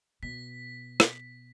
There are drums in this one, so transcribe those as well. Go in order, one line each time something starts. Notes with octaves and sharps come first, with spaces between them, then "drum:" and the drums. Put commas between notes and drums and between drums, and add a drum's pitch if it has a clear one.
B2 B6
drum: rim click